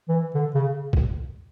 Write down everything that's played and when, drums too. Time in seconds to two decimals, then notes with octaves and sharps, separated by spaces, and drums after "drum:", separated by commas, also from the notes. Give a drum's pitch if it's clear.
0.09 E3
0.35 D3
0.55 C#3
0.93 drum: kick B1